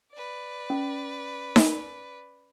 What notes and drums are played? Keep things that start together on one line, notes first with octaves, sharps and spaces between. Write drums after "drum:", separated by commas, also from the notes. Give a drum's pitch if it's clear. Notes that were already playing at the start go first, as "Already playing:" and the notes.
B4 D5
C#4
drum: snare D#4